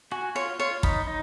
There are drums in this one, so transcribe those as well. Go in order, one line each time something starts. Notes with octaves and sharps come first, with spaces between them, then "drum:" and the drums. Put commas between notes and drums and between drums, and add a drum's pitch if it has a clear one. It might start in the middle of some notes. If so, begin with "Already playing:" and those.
F#4 G#5
F4 C#5
F4 C#5
D#4 B5, drum: kick
D#4